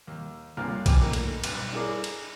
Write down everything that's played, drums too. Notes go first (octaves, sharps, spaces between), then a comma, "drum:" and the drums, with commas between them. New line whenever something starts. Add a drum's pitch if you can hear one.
D#2
C#2 G2 A#3 F4 A#4 F6
G5 G#5 D6, drum: kick A#1, cymbal
D3 F3 A3 A#3 D#4
drum: cymbal
B1 G2 B4 F#6, drum: cymbal
D4 E4 G#4 A#4 D6
drum: cymbal